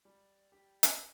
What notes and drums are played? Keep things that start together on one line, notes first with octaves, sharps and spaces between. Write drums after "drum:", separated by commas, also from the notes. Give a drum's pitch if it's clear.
G3 D5
G4
drum: hi-hat